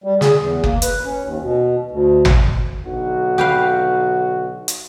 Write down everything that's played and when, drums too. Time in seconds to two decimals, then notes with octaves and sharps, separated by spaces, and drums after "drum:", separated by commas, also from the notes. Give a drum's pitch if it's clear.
0.04 G3
0.21 G#4, drum: snare
0.40 E2
0.64 A#3, drum: kick F#1
0.82 B4, drum: hi-hat
1.05 C#4
1.25 D#2
1.43 B2
1.91 D2
2.25 drum: tom
2.85 B1 D3 F#4
3.38 G4 B4 F5
4.68 drum: hi-hat